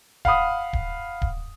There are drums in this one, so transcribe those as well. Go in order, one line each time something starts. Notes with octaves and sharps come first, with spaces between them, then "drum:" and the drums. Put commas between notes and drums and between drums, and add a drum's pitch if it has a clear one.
F5 F#5 B5 D#6, drum: kick D1
drum: kick D1
drum: kick D1